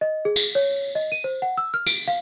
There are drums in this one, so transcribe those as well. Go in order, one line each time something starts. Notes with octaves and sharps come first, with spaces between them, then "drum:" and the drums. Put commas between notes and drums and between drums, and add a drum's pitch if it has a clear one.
D#5
G#4
drum: tambourine
C#5
D#5
D#7
C5
F#5
E6
F6
D7, drum: tambourine
F5